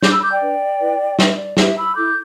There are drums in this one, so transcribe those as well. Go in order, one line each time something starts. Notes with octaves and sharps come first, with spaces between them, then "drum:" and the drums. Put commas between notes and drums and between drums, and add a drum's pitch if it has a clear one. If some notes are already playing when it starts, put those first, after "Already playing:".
D4 A4 D6 G6, drum: snare
B5 E6
D6 G6
D5 G5
D4 B4
E4 B4
D4 B4 E5, drum: snare
D5
E4 G4 B4 E5, drum: snare
B5 E6
E4 A4 D6 G6